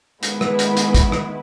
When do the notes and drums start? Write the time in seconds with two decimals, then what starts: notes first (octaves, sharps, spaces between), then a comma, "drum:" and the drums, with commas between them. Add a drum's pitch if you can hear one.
0.23 D#3 G#3 B3 E4 B4, drum: hi-hat
0.41 drum: rim click
0.59 drum: hi-hat
0.77 drum: hi-hat
0.95 drum: kick, hi-hat
1.12 drum: rim click